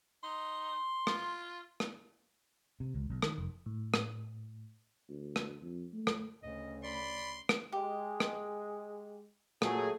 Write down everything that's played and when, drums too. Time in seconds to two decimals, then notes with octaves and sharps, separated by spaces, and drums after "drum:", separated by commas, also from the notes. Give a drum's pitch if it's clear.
0.23 D#4 C6
1.07 F4, drum: rim click
1.80 drum: rim click
2.80 C3
2.94 C#2
3.10 B1
3.22 D#3, drum: rim click
3.38 F1
3.66 A2
3.94 drum: rim click
5.09 D2
5.36 drum: rim click
5.62 F2
5.93 A3
6.07 drum: rim click
6.43 D2 C#3 D#5
6.83 D5 B5 C6
7.49 drum: rim click
7.72 G#3 G4
8.20 drum: rim click
9.62 A#2 F#3 A3 G#4, drum: rim click